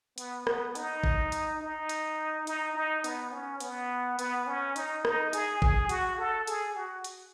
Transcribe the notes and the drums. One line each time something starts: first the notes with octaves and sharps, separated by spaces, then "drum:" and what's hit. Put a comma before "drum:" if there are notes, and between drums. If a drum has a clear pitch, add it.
B3, drum: hi-hat
B3, drum: rim click
D#4, drum: hi-hat
drum: kick G#1
drum: hi-hat
D#4
drum: hi-hat
D#4, drum: hi-hat
D#4
B3, drum: hi-hat
C#4
B3, drum: hi-hat
B3, drum: hi-hat
C#4
D#4, drum: hi-hat
D#4, drum: rim click
G#4, drum: hi-hat
G#4, drum: kick G#1
F#4, drum: hi-hat
A4
G#4, drum: hi-hat
F#4
drum: hi-hat